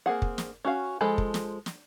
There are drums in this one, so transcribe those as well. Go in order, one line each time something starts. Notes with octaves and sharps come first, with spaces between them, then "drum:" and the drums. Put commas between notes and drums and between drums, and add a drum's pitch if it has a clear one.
A#3 C4 G#4 F#5
drum: kick
drum: snare
C#4 F#4 F5
F3 G#3 A4 G#5 B5
drum: kick
drum: snare
drum: snare